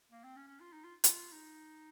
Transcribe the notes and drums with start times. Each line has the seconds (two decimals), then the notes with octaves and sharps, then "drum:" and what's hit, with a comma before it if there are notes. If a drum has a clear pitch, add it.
0.12 A#3
0.24 C4
0.36 C#4
0.47 C#4
0.60 F4
0.72 D#4
0.84 F4
1.04 F4, drum: hi-hat
1.32 D#4